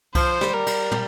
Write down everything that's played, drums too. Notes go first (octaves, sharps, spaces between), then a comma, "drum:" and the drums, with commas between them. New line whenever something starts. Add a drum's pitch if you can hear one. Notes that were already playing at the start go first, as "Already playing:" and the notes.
F3 C5, drum: kick C2, cymbal
G3, drum: snare
A#4
G3, drum: cymbal
G3, drum: tom